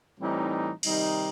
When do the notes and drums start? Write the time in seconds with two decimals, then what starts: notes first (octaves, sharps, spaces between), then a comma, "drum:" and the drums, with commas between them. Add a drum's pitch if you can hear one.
0.20 A2 E3 G3 C4 D#4
0.83 C3 D#3 G3 D#4 G4, drum: cymbal